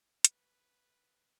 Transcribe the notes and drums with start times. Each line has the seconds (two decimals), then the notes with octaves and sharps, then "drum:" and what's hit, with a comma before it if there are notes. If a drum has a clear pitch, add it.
0.25 B4, drum: hi-hat